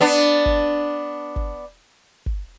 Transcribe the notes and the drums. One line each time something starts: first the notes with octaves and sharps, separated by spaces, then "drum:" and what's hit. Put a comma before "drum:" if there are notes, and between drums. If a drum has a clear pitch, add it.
B3 D4
drum: kick G1
drum: kick G1
drum: kick G1